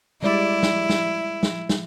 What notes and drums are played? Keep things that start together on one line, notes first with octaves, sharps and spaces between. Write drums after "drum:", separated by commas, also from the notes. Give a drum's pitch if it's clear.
G3 G#3 E4 D5
drum: snare
drum: snare
drum: snare
drum: snare